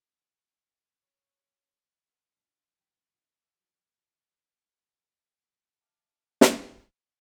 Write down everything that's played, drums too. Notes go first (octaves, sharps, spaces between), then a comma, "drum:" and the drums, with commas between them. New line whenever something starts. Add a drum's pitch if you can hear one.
C#5
B4 F#5 C6 F6 B6
A#1 F#2 D4 D5 A5 C7
B1 E2 D3 G5 A#6 B6
A1 C#3 E4
D6 E6
B1 F2 D#3
E5 F5 G5 A5 D6 F6
drum: snare